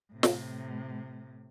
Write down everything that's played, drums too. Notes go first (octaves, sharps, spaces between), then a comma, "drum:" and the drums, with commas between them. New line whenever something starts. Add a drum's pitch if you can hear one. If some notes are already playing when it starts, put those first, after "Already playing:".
A2 C3
drum: snare